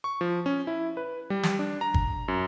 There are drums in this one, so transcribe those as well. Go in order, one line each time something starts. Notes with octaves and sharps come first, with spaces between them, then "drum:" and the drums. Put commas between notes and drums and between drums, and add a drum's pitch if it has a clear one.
C#6
F3
C#4
E4
B4
G3
drum: snare
D4
A#5
drum: kick G1
F#2